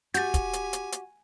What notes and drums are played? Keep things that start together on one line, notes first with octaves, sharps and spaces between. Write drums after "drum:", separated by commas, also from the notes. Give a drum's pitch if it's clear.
F#4 G4 G#5 G6 A6, drum: hi-hat
drum: kick, hi-hat
drum: hi-hat
drum: hi-hat
drum: hi-hat